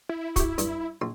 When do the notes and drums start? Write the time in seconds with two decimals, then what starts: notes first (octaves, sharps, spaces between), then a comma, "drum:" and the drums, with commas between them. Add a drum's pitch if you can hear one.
0.09 E4
0.36 F#4 G4, drum: kick, hi-hat
0.58 G2, drum: hi-hat
1.01 A#1 C6